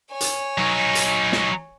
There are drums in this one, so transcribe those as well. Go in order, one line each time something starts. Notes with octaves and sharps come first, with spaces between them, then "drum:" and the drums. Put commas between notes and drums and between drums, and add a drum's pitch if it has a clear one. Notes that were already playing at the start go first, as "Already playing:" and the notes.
C#5 G#5
drum: hi-hat
F#3 D#4
drum: hi-hat
drum: snare